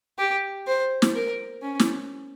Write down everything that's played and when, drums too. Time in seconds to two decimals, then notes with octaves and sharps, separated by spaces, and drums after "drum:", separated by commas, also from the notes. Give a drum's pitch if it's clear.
0.18 G4
0.67 C5
1.02 drum: snare
1.15 A#4
1.62 C#4
1.79 drum: snare